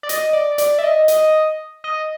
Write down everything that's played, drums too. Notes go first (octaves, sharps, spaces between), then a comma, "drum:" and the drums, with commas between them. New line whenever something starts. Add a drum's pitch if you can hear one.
D5
D#5, drum: hi-hat
D5
D5, drum: hi-hat
E5
D#5
D#5, drum: hi-hat
D#5